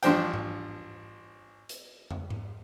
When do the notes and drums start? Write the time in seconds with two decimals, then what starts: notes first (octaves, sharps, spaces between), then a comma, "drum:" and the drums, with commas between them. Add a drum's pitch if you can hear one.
0.03 A1 G2 F3 D4 C5 G5, drum: hi-hat
0.34 drum: tom G#2
1.69 drum: hi-hat
2.11 drum: tom
2.30 drum: tom G#2